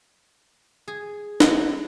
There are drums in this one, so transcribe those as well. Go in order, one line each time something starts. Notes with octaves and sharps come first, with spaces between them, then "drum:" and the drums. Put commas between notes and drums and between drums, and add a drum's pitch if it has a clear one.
G#4
drum: snare